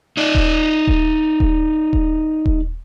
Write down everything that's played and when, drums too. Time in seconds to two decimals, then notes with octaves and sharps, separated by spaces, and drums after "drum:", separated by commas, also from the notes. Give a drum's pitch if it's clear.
0.17 D#4 D5
0.35 drum: kick D#1
0.87 drum: kick D#1
1.40 drum: kick D#1
1.93 drum: kick D#1
2.46 drum: kick D#1